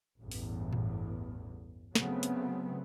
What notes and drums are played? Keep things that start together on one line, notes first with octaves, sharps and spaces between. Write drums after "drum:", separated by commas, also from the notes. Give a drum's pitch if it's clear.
A1 E2 G2
drum: open hi-hat
drum: tom A2
C#3 F#3 A3 B3 C4, drum: snare
drum: hi-hat